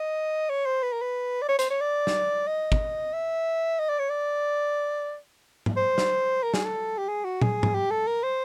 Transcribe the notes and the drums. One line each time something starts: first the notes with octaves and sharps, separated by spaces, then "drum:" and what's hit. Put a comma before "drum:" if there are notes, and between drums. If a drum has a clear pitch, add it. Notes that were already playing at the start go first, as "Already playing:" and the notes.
Already playing: D#5
C#5
C5
B4
A#4
B4
D5
C#5
C5, drum: hi-hat
C#5
D5
drum: snare
D#5
drum: kick
E5
D#5
D5
C#5
D5
drum: tom G#2
C5
drum: snare
A#4
G#4, drum: snare
A4
G4
G#4
F#4
G#4, drum: tom
drum: tom G#2
G4
A4
A#4
C5